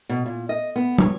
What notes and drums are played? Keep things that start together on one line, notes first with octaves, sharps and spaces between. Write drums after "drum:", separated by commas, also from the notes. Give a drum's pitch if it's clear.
B2
A#2
D#5
B3
C#5, drum: tom